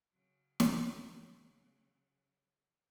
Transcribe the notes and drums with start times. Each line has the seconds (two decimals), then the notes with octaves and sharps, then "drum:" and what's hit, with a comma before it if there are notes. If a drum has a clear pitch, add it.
0.12 C#3 F#3
0.60 drum: snare